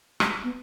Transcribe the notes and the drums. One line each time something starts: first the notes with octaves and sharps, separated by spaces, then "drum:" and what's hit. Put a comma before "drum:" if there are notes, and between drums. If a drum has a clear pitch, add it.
G3, drum: rim click
B3